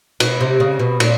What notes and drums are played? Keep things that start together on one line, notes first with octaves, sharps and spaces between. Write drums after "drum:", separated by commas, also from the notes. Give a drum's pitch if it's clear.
B2, drum: cymbal
C3
C#3
B2
A#2, drum: cymbal